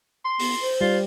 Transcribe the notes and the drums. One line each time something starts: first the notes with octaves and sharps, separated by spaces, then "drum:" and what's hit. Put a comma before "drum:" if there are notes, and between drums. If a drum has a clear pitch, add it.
C6
B3, drum: open hi-hat
C5
G3 F4